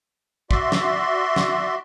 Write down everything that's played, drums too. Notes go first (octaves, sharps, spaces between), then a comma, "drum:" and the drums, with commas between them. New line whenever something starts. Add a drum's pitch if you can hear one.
F#4 D5 E5 C6, drum: kick
drum: snare
drum: snare